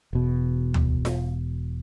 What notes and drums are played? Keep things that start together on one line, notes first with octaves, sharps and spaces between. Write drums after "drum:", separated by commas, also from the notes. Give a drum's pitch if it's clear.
E1 B2
drum: tom D2
drum: snare F4